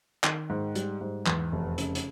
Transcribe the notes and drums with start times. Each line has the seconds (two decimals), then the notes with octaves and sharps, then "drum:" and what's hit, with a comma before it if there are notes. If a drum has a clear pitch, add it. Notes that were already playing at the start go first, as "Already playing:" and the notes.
0.24 D#3, drum: clap
0.50 G#2
0.75 G3, drum: hi-hat
1.01 G#2
1.26 E2, drum: clap
1.52 F1
1.78 C#3, drum: hi-hat
1.95 drum: hi-hat